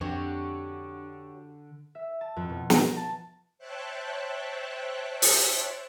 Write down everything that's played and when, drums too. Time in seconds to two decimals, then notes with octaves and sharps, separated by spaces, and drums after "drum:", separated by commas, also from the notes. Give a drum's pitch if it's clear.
0.01 F2 D3 D4 F#4 G4 C#5
1.95 E5
2.21 A5
2.36 F2
2.49 B2
2.70 A#5, drum: snare
2.96 A5
3.58 C5 C#5 E5 G5 A5 F#6
5.22 drum: open hi-hat